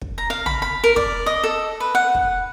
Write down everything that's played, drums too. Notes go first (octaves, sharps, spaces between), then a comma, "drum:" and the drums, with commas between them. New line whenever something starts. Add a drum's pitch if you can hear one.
drum: kick
A#5
F5
B5, drum: tom
B5
A#4
D5, drum: kick
D#5
A4
B4
F#5
drum: kick